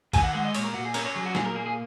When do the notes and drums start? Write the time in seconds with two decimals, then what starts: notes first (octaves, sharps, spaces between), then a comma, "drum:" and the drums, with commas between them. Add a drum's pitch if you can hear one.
0.13 D#3 G#5, drum: kick, cymbal
0.23 F#5
0.33 G#3 F#5
0.45 D#5
0.54 A#2 C#5, drum: cymbal
0.64 A#4
0.74 A#2 F#4
0.85 G#4
0.94 C#4 A#4, drum: cymbal
1.05 C#5
1.16 F#3 G#4
1.26 F#4
1.35 A#2 G#4, drum: snare
1.45 A#4
1.55 A#3 G#4
1.66 G#4